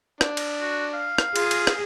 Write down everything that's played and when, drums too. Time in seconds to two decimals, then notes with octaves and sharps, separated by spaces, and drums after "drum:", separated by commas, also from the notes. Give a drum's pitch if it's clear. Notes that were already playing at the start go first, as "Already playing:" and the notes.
0.21 D4, drum: rim click
0.37 drum: cymbal
0.61 F#4
0.94 F5
1.18 drum: rim click
1.36 F4 G#4, drum: cymbal
1.51 drum: cymbal
1.67 drum: rim click